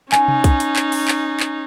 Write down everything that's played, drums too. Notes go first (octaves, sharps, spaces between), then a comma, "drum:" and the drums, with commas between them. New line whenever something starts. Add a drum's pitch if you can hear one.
C#4 D#4 G#5, drum: clap
drum: tom C3
drum: kick, hi-hat
drum: hi-hat
drum: clap
drum: open hi-hat
drum: clap
drum: clap